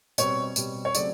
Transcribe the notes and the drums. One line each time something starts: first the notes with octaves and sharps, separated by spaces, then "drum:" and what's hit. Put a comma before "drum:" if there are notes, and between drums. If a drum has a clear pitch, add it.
B2 G3 C4 C#5, drum: tambourine
B2 G3 C4, drum: tambourine
C#5
C#3 F#3 A3 C4 D5, drum: tambourine